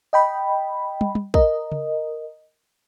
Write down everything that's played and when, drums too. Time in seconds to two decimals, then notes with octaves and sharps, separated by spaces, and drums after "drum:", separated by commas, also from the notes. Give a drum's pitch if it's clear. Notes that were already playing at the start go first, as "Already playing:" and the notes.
0.13 D#5 G5 B5
1.01 drum: tom
1.15 drum: tom
1.34 A#4 D#5, drum: kick
1.72 drum: tom C#3